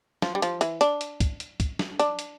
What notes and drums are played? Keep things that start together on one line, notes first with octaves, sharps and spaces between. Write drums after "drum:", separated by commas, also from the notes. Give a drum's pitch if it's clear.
F3, drum: snare
G3
F3, drum: hi-hat
E3, drum: hi-hat
D4, drum: hi-hat
drum: hi-hat
drum: kick, hi-hat
drum: hi-hat
drum: kick, hi-hat
drum: snare
D4, drum: hi-hat
drum: hi-hat